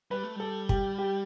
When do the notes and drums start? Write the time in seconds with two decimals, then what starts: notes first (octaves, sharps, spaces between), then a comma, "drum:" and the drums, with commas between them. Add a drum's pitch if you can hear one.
0.11 G3 B4
0.23 A3
0.36 G3 A4
0.69 G4, drum: kick
0.98 G4